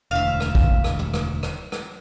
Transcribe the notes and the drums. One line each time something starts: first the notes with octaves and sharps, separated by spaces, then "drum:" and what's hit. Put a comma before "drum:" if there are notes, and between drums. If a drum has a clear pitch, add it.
E1 D2 E5 F5
drum: rim click
drum: kick A1
drum: rim click
drum: tom
drum: rim click
drum: rim click
drum: rim click